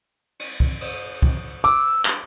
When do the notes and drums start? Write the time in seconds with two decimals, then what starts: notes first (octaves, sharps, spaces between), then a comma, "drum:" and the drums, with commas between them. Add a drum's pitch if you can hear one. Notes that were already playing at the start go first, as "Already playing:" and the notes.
0.39 drum: cymbal
0.60 drum: kick
0.81 drum: cymbal
1.22 drum: kick
1.64 D6 E6
2.05 drum: clap